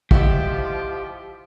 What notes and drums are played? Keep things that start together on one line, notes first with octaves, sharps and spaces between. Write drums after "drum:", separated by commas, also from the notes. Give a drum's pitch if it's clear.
F3 E4 G4 D#5 E5 F#5, drum: kick